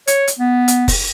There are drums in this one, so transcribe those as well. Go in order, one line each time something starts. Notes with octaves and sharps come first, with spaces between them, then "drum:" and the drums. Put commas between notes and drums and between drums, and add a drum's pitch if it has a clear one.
C#5, drum: hi-hat
drum: hi-hat
B3
drum: hi-hat
drum: kick F1, open hi-hat